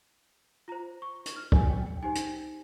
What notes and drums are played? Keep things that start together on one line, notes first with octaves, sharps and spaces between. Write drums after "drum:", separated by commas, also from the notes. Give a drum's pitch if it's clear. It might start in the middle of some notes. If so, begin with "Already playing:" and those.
F4 C5 A#5
C#6
drum: hi-hat
F6
G#5, drum: kick
G5
G5
D#4 G4 C5 G#5
drum: hi-hat